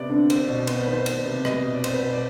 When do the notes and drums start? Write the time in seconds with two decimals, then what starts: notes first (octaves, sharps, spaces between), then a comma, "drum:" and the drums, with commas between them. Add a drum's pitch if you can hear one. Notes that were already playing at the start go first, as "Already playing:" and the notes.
Already playing: C3 B3 D5
0.10 D3
0.30 C4, drum: cymbal
0.48 B2
0.67 B3 C5, drum: cymbal
0.81 B4
0.87 D#3
0.93 C5
1.06 B3, drum: cymbal
1.26 C3
1.45 B3 D#5, drum: rim click
1.65 B2
1.74 D5
1.84 C4 C5, drum: cymbal
1.93 B4
2.03 B2 C5
2.13 D5